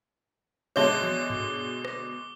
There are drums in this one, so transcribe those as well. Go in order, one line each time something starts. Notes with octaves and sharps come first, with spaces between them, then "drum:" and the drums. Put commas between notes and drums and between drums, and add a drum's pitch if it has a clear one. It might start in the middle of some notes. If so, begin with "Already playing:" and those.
B2 D3 G#3 C#5 E5 A5 D6 G7
drum: tom E3
drum: tom G2
drum: rim click